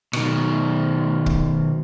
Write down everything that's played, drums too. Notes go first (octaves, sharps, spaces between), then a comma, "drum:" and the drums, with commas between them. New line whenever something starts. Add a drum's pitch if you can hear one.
B2 D#3, drum: rim click
drum: kick